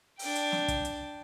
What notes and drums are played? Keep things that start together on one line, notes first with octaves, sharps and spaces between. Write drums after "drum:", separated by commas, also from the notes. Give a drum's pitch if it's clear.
D4 G5, drum: open hi-hat
drum: hi-hat
drum: snare
drum: kick, hi-hat
drum: hi-hat